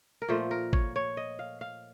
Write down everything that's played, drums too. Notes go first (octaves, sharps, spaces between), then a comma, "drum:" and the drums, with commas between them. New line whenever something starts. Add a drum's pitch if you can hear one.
A#4
A#2 F3 A3 C5
A#4
C#5, drum: kick G#1
C#5
D#5
F5
F5